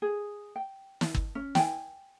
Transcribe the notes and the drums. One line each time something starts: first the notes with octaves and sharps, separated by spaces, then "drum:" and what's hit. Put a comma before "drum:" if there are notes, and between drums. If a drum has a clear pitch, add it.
G#4
G5
drum: snare
drum: kick G1
C#4
G5 G#5, drum: snare